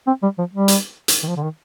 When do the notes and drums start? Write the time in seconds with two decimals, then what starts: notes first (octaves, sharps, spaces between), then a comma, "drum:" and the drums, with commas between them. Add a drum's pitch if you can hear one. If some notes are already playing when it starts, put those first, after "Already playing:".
0.07 C4
0.23 G3
0.38 F3
0.53 G3
0.68 drum: hi-hat
1.08 drum: hi-hat
1.23 D#3
1.28 F3
1.37 D3
1.43 D#3